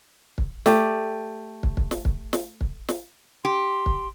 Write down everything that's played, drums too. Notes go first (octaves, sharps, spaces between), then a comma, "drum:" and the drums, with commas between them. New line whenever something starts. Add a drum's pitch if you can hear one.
drum: kick
A3 G4 D5, drum: snare
drum: kick
drum: kick
drum: snare
drum: kick
drum: snare
drum: kick
drum: snare
G4 C6
drum: kick